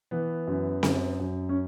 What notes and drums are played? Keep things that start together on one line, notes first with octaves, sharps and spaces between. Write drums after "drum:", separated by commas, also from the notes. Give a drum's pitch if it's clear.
E3 B3
F#2
F#2, drum: snare C4
F#2
C#4